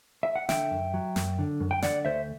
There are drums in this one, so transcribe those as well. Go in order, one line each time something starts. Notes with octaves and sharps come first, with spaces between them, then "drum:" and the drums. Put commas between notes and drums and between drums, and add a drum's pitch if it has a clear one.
E5
F#5
D3 E5 G5, drum: snare
F#2
F#3
F#2, drum: snare
D3
F#2
G5
D3 D5 F#5, drum: snare
D2 C5 E5